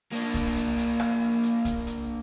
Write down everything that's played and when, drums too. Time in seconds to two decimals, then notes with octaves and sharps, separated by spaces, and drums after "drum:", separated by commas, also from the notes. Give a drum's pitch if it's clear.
0.12 A#3 D4, drum: hi-hat
0.34 drum: kick C2, hi-hat
0.56 drum: hi-hat
0.78 drum: hi-hat
1.00 drum: rim click
1.43 drum: hi-hat
1.65 drum: kick C2, hi-hat
1.87 drum: hi-hat